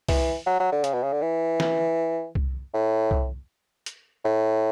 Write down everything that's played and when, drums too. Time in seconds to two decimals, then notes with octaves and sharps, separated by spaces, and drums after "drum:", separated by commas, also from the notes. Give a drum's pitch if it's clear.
0.08 E3, drum: kick C2, open hi-hat
0.46 F#3
0.60 F#3
0.72 D3
0.84 C#3, drum: hi-hat
0.94 B2
1.03 C#3
1.13 D3
1.22 E3
1.60 drum: snare
2.35 drum: kick C2
2.74 A2
3.11 drum: kick C2
3.86 drum: hi-hat
4.25 A2